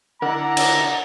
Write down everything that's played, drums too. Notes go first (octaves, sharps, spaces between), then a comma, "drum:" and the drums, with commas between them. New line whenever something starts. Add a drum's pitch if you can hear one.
D3 D4 E4 A#4 D#5 F#5 A#5
drum: cymbal